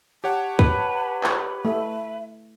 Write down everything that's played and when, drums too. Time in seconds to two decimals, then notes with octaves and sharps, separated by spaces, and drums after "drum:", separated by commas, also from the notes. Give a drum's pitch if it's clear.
0.24 G4 C#5 F#5 A5
0.59 B4, drum: kick
1.24 drum: clap
1.65 A3 E5